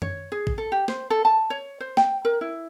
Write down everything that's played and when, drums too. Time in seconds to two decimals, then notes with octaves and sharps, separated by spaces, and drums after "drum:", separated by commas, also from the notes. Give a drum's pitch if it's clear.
0.02 C#5, drum: tom F#2
0.32 G#4
0.47 drum: kick
0.58 A4
0.72 G4
0.88 C5, drum: snare
1.10 A4
1.25 A5
1.50 C#5
1.80 C5
1.97 G5, drum: snare
2.25 A#4
2.41 E4